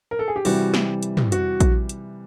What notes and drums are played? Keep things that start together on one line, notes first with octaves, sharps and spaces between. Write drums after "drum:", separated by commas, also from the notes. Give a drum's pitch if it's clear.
A#4
A4
G#4
G4
C3 E3 G3 F#4, drum: open hi-hat
drum: snare
drum: hi-hat
drum: tom
F#4, drum: hi-hat
drum: kick A#1, hi-hat
drum: hi-hat